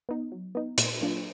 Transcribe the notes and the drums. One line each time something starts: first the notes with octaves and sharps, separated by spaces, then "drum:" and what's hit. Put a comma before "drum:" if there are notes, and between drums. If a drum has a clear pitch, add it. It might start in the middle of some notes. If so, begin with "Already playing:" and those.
B3 D#4
F#3
B3 D#4
A#2, drum: hi-hat
F#3 A#3 D4 F4